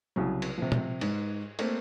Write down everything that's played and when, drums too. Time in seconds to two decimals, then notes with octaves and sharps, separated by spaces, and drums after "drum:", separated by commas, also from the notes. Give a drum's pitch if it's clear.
0.16 C2 C#3 F#3
0.42 drum: cymbal
0.58 C3 F3
0.72 drum: tom
1.01 G#2, drum: cymbal
1.59 A3 A#3 C4, drum: cymbal